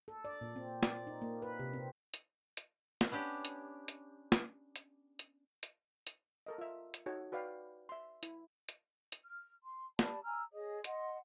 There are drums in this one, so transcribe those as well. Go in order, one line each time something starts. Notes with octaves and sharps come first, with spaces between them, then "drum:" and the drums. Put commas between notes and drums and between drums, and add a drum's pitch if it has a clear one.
A4
D5
A#2
C4
D5, drum: snare
D#4
A#3
B4
C3
C4
drum: hi-hat
drum: hi-hat
drum: snare
B3 C#4 D4 G4
drum: hi-hat
drum: hi-hat
drum: snare
drum: hi-hat
drum: hi-hat
drum: hi-hat
drum: hi-hat
A4 A#4 D#5
F4 E5
drum: hi-hat
D#4 F#4 A4 C#5
F#4 B4 D5 F5 G5
E5 C6
E4, drum: hi-hat
drum: hi-hat
drum: hi-hat
F6
C6
G4 D5 A5 B5, drum: snare
G#5 A#5 E6 F6
G#4 C#5 D#5 D#6
D#5 F#5 C6, drum: hi-hat